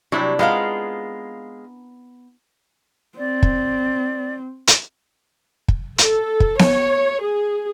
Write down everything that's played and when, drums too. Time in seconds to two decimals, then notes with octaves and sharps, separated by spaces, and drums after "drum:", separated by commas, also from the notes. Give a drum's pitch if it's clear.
0.12 C3 F#3 G3 D4 E4
0.39 G#3 B3 F4 A#4 F5
3.18 C4 D5
3.43 drum: kick
4.67 drum: hi-hat
5.68 drum: kick
5.98 A4, drum: hi-hat
6.40 drum: kick
6.59 C#5, drum: snare B3
7.21 G#4